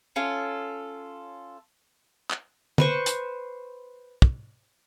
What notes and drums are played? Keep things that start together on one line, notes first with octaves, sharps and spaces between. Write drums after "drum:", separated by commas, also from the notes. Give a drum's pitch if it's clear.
C#4 F4 A4
drum: clap
B4 C5 C#6, drum: tom
drum: hi-hat
drum: kick